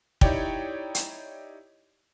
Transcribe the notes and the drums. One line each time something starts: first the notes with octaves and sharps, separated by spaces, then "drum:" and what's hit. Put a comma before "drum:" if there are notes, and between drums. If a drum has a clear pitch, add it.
D#4 E4 G4 C#5 D5 G5, drum: kick
drum: hi-hat